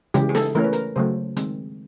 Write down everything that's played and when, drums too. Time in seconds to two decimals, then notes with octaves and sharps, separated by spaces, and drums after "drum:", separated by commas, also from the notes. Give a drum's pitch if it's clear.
0.14 C#3 E3 G#3 G4, drum: hi-hat
0.29 G#4
0.35 A4, drum: snare
0.55 E3 A3 C#4 A#4
0.64 B4
0.73 A#4, drum: hi-hat
0.96 C#3 F#3 A3 C5
1.37 D#3 G#3 C4, drum: hi-hat